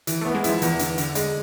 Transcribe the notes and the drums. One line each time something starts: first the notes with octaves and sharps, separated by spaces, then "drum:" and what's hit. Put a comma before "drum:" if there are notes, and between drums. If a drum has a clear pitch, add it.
E3, drum: hi-hat
A3 B3
G#3
F3 E4, drum: hi-hat
E2 E3, drum: hi-hat
D3, drum: hi-hat
D3, drum: hi-hat
G#3, drum: hi-hat